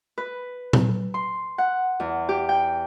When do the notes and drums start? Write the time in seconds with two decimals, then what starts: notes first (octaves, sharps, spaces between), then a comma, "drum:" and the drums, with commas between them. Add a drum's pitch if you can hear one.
0.18 B4
0.73 drum: tom A#2
1.14 C6
1.58 F#5
2.00 E2
2.29 G4
2.49 G5